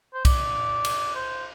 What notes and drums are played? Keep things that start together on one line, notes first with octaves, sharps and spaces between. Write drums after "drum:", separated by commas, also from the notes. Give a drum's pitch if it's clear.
C5
D5, drum: kick B1, cymbal
drum: cymbal
C5